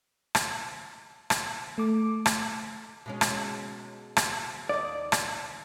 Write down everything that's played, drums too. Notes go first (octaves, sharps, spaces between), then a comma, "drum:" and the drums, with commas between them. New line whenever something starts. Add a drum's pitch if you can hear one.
drum: rim click
drum: rim click
A3 D6
drum: rim click
B2 G#3 C#4
drum: rim click
drum: rim click
D#2 D5 D#5
drum: rim click